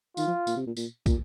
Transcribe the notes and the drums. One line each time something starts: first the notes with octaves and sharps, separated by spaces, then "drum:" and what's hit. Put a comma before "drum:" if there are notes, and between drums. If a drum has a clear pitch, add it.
D#3 F4, drum: tambourine
F3
A#2, drum: tambourine
C3
A#2
A#2, drum: tambourine
A#2, drum: kick, tambourine